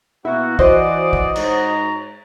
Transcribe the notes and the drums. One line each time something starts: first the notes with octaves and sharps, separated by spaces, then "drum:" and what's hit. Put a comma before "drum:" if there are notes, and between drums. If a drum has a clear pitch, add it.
B2 A#3 E4 F#4
E3 F#4 C5 D5 D#5, drum: kick
drum: kick
G#2 C#5 A#5, drum: cymbal